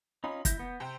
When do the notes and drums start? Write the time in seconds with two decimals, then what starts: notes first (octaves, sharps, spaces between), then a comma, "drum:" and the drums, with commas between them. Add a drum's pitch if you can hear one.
0.24 C#4 D#4 F4 B5
0.45 E4 G6 A#6, drum: kick, hi-hat
0.60 B3
0.80 C3 C5 G5